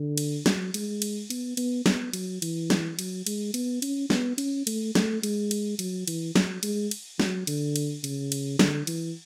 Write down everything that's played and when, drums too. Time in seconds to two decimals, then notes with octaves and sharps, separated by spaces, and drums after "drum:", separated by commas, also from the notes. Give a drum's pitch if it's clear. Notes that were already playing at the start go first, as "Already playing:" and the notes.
Already playing: D3
0.18 drum: cymbal
0.46 F#3, drum: snare
0.74 G#3, drum: cymbal
1.02 drum: cymbal
1.30 B3, drum: cymbal
1.57 B3, drum: cymbal
1.86 B3, drum: snare
2.13 F#3, drum: cymbal
2.42 E3, drum: cymbal
2.70 drum: snare
2.99 F#3, drum: cymbal
3.26 G#3, drum: cymbal
3.54 B3, drum: cymbal
3.82 C#4, drum: cymbal
4.10 B3, drum: snare
4.38 C#4, drum: cymbal
4.67 A3, drum: cymbal
4.95 A3, drum: snare
5.23 G#3, drum: cymbal
5.51 drum: cymbal
5.79 F#3, drum: cymbal
6.07 E3, drum: cymbal
6.36 F#3, drum: snare
6.63 G#3, drum: cymbal
6.91 drum: cymbal
7.20 F#3, drum: snare
7.47 D3, drum: cymbal
7.76 drum: cymbal
8.04 C#3, drum: cymbal
8.32 drum: cymbal
8.59 D3, drum: snare
8.87 E3, drum: cymbal